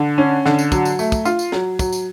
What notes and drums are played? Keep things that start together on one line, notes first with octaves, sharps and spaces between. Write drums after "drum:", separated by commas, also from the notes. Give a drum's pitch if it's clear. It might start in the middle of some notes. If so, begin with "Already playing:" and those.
Already playing: D3
C#4
D3, drum: snare
drum: tambourine
F#3, drum: kick, tambourine
drum: tambourine
A3, drum: tambourine
drum: kick, tambourine
F4, drum: tambourine
drum: tambourine
F#3, drum: snare
F#3, drum: kick, tambourine
drum: tambourine